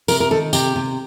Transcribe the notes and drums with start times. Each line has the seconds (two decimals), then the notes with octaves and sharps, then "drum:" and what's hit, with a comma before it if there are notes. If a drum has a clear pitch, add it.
0.08 C3 A#4, drum: tambourine
0.20 A#4
0.31 D#3 A4
0.53 C3 G4, drum: tambourine
0.76 C3